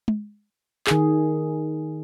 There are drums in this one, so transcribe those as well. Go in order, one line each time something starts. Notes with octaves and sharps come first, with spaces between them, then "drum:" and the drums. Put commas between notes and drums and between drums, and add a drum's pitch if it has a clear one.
drum: tom G#3
D#3 G#4, drum: clap